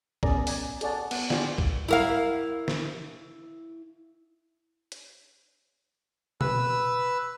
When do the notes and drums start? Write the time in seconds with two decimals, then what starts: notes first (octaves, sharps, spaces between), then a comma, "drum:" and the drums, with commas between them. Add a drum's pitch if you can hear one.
0.23 B3 C#4 G#4 A#4 D5 A#5, drum: kick
0.47 D5 G#5 A#5, drum: open hi-hat
0.81 G#4 A4 C#5 D5 F#5 A5, drum: hi-hat
1.11 B3 F#5, drum: cymbal
1.30 F4 G4 G#4 D5 G5, drum: snare
1.58 drum: kick
1.88 E4 A#4 F5
2.68 drum: snare
4.92 drum: hi-hat
6.41 B4 E6, drum: tom B2